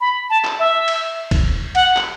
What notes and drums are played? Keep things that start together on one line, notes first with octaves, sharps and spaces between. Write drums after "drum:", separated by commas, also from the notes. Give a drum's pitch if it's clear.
B5
A5
drum: clap
E5
drum: cymbal
drum: kick, cymbal
F#5, drum: cymbal
drum: clap